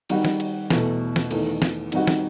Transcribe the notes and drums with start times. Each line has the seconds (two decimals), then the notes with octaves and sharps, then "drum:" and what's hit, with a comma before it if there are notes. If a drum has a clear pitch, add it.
0.10 D#3 G3 D#4 F#4, drum: cymbal
0.25 drum: snare
0.40 drum: cymbal
0.70 E2 B2 A3, drum: snare
1.16 drum: snare
1.31 E2 D#3 A3, drum: cymbal
1.62 drum: snare
1.92 D#3 G3 C4 D#4 F#4, drum: cymbal
2.07 drum: snare